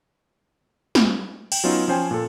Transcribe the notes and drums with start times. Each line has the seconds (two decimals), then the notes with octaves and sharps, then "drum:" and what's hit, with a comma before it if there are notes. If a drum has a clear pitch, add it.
0.95 drum: snare
1.52 G5, drum: cymbal
1.64 F#3 B3 C#4 D#4 F4
1.88 F3 C#4 C5 G5 G#5
2.11 A#2 A4